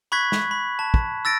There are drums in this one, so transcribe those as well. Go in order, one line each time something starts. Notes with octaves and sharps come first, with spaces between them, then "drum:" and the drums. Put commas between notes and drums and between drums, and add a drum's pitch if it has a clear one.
B5 C#6 F#6 G#6 B6
drum: snare
B5
A5
drum: kick
E6 A6 A#6 D7